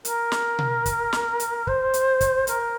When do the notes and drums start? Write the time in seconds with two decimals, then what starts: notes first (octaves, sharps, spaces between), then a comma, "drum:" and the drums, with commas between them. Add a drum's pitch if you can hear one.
0.05 A#4, drum: hi-hat
0.32 drum: snare
0.59 drum: tom B2
0.86 drum: kick, hi-hat
1.13 drum: snare
1.40 drum: hi-hat
1.67 C5, drum: kick
1.94 drum: hi-hat
2.21 drum: kick, hi-hat
2.47 A#4, drum: hi-hat